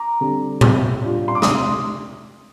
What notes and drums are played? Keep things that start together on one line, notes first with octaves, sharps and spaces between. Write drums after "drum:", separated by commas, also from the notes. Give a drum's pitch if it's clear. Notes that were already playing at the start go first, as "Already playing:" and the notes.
Already playing: A#5 D6
D3 G3 C4
C3, drum: tom A2
G3 D4 F4
C6
D6
C3 C6 D#6, drum: snare